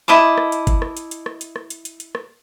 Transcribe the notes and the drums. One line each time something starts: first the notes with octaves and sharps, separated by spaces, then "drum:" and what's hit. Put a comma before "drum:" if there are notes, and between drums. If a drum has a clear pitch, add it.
E4 D#5 A5 D6
drum: rim click
drum: hi-hat
drum: kick G1, hi-hat
drum: rim click
drum: hi-hat
drum: hi-hat
drum: rim click
drum: hi-hat
drum: rim click
drum: hi-hat
drum: hi-hat
drum: hi-hat
drum: rim click